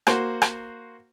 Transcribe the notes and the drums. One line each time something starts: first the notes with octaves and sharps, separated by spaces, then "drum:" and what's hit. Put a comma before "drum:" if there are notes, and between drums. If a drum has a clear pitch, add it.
A#3 F#4 C5, drum: rim click
drum: rim click